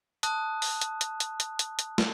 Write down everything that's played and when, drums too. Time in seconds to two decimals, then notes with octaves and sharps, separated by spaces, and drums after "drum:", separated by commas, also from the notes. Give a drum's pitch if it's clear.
0.23 A5 D#6 F#6, drum: hi-hat
0.62 drum: open hi-hat
0.81 drum: hi-hat
1.01 drum: hi-hat
1.20 drum: hi-hat
1.40 drum: hi-hat
1.59 drum: hi-hat
1.79 drum: hi-hat
1.98 drum: snare